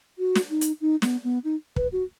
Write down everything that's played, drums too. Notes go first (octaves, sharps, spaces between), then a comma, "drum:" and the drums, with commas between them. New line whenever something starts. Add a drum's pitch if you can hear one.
F#4
drum: snare
D#4
drum: hi-hat
D#4
B3, drum: snare
B3
D#4
B4, drum: kick
F#4